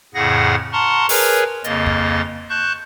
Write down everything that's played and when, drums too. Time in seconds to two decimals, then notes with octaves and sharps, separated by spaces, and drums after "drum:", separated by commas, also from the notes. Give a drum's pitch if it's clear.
0.14 F2 A2 C#3 G#4 F#5 A#6
0.72 F#5 A5 A#5 C6 C#6 F6
1.09 G#4 A#4 B4 C#5 G#5, drum: open hi-hat
1.64 F2 C#3 A#3 D#5 A6, drum: hi-hat
1.87 drum: kick
2.49 A5 C#6 F#6 G6